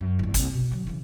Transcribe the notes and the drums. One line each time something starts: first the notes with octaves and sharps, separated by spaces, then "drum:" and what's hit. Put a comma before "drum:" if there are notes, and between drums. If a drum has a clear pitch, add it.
F#2
G1 E2
C2 A#3, drum: kick, hi-hat
B2
D3 F#3
C#3 E3